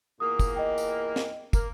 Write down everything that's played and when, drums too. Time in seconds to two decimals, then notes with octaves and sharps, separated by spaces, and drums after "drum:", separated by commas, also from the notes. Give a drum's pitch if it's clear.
0.20 E2 A#2 A#3 D#6
0.39 drum: kick, tambourine
0.56 D#5 G5
0.78 drum: tambourine
1.16 drum: snare
1.53 A#3, drum: kick, tambourine